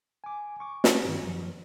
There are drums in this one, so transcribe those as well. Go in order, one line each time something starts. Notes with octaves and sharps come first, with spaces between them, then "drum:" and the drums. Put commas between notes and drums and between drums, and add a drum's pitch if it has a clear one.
G#5 D6
C#6 D6
drum: snare
G2 D#3
F#2 F3